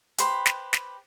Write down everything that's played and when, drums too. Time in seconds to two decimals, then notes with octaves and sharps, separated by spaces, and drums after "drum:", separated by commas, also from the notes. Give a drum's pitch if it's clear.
0.18 G4 B4 C5 B5, drum: hi-hat
0.46 drum: snare
0.73 drum: snare